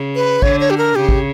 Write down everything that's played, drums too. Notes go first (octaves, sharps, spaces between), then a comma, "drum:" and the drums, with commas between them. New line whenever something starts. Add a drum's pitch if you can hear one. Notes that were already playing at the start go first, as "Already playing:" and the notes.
Already playing: C#3
B4
D3 C#5, drum: kick A1
C#5
G4
A#4
C#3 G4
drum: kick A1